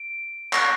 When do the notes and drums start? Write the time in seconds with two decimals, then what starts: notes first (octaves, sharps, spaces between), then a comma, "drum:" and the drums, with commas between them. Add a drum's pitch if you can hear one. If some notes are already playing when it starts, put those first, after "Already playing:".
Already playing: D7
0.53 C#6 F#6 A#6, drum: clap